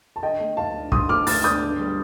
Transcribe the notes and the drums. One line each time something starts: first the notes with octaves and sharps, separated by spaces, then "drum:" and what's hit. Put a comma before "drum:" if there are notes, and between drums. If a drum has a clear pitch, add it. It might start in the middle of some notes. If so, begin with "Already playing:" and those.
A5
D3 D#5 G5
A3
D2 F5 A5
D4
D3 C6 D#6, drum: kick
A3 D6 F6
D2 F6 A6, drum: open hi-hat
D4 D#6 G6
D3
G3